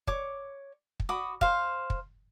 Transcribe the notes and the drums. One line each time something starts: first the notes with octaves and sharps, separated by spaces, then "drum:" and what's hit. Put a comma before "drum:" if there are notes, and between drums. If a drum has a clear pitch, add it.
C#5 D6, drum: kick
drum: kick
F#4 B5 D6 D#6
C5 F5, drum: kick
drum: kick